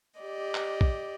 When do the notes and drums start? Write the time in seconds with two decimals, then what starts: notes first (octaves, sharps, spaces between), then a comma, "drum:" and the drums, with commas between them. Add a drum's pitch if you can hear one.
0.20 G4 D5 D#5
0.55 drum: clap
0.81 drum: kick